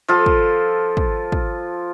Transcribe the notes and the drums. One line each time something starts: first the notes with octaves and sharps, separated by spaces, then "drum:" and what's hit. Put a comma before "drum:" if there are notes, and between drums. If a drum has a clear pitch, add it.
F3 F4 A4
drum: kick
drum: kick
drum: kick